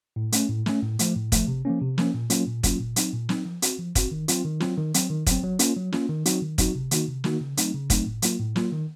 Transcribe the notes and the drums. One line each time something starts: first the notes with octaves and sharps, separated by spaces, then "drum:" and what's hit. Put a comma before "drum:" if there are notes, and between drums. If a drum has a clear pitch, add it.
A2
A3 C#4, drum: hi-hat
A2
A3 C#4, drum: snare
A2
F3 A3, drum: hi-hat
A2
F3 A3, drum: kick, hi-hat
C3
F3 A#3 C#4
C3
F3 A#3 C#4, drum: snare
A#2
F#3 A#3 C#4 F4, drum: hi-hat
A#2
F#3 A#3 C#4 F4, drum: kick, hi-hat
A#2
F#3 C4 D#4, drum: hi-hat
A#2
F#3 C4 D#4, drum: snare
F3
C4 F#4, drum: hi-hat
F3
C4 F#4, drum: kick, hi-hat
D#3
F#3 C4 F4, drum: hi-hat
D#3
F#3 C4 F4, drum: snare
D#3
F#3 C4, drum: hi-hat
D#3
F#3 C4, drum: kick, hi-hat
F#3
A#3 C#4 F4, drum: hi-hat
F#3
A#3 C#4 F4, drum: snare
D#3
F#3 C4 D#4 F#4, drum: hi-hat
D#3
F#3 C4 D#4 F#4, drum: kick, hi-hat
C3
D#3 A#3 D#4 F#4, drum: hi-hat
C3
D#3 A#3 D#4 F#4, drum: snare
C#3
F#3 A3 C4 D#4, drum: hi-hat
C#3
F#3 A3 C4 D#4, drum: kick, hi-hat
A2
F#3 A#3 F4, drum: hi-hat
A2
F#3 A#3 F4, drum: snare
D#3